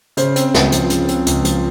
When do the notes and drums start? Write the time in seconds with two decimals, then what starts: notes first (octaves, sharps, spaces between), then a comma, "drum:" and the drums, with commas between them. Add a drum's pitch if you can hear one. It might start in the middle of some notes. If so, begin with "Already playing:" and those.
0.17 C#3 C5, drum: hi-hat
0.36 C4, drum: hi-hat
0.54 C#2, drum: snare
0.72 F3, drum: hi-hat
0.90 C#3, drum: hi-hat
1.08 C4, drum: hi-hat
1.26 C#2, drum: hi-hat
1.45 F3, drum: hi-hat